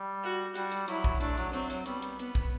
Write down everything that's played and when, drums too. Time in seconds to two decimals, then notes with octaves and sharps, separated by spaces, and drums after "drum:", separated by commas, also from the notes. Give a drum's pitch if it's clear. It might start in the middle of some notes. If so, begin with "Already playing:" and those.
Already playing: G3
0.23 F#4
0.55 G3 F#4, drum: hi-hat
0.72 drum: hi-hat
0.88 F#3 E4, drum: hi-hat
1.04 drum: kick A#1
1.20 A3 D4, drum: hi-hat
1.38 F#3, drum: hi-hat
1.53 F#3 C4, drum: hi-hat
1.70 F#3, drum: hi-hat
1.86 G3 B3, drum: hi-hat
2.02 drum: hi-hat
2.19 B3, drum: hi-hat
2.35 drum: kick A#1, hi-hat